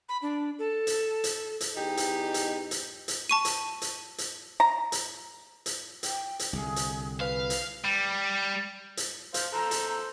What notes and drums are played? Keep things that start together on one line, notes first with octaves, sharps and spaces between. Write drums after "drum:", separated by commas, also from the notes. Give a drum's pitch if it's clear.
B5
D4
A4
drum: hi-hat
drum: hi-hat
drum: hi-hat
E2 D#4 G4
drum: hi-hat
drum: hi-hat
drum: hi-hat
drum: hi-hat
A5 C#6 D#7
drum: hi-hat
drum: hi-hat
drum: hi-hat
A#5
drum: hi-hat
drum: hi-hat
G5, drum: hi-hat
drum: hi-hat
C2 D3 G#4
drum: hi-hat
G#4 B4 F5
drum: hi-hat
G3
drum: hi-hat
C5 F5, drum: hi-hat
A4 C5 A#5
drum: hi-hat